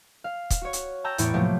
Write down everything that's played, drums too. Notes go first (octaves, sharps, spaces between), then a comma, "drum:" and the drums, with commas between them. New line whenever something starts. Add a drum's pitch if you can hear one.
F5
drum: kick, hi-hat
F#4 C#5
drum: hi-hat
G5 A5 A#5 E6 G6 A6
E2 A2 B3 E4 C#5 D6, drum: hi-hat
C3 F3 F#3 A3 A#3 G4